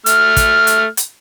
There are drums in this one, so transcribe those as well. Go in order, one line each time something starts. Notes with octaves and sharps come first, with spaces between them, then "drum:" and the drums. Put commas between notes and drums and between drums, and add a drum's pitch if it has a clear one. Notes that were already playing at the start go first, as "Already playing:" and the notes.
A3 F6, drum: hi-hat
drum: kick, hi-hat
drum: hi-hat
drum: hi-hat